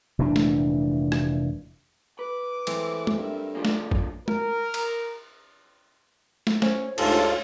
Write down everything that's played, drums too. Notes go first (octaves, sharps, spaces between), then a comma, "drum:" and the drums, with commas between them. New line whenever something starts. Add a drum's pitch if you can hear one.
F1 A#2 E3 D4
drum: snare
drum: rim click
B4 D6
E3 G#3 A3 C4, drum: cymbal
drum: tom G#3
G2 A#4 E5
D3 F3 A#3 G#4 D5
drum: snare
drum: kick
A#4, drum: tom G#3
drum: cymbal
drum: snare
C#4 C5, drum: snare
D2 G#2 F4 G4 A4 C#5 G#5, drum: cymbal